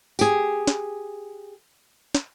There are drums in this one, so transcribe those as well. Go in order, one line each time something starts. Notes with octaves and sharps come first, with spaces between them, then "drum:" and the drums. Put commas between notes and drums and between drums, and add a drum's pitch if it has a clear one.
G4 G#4, drum: tambourine
drum: snare
drum: snare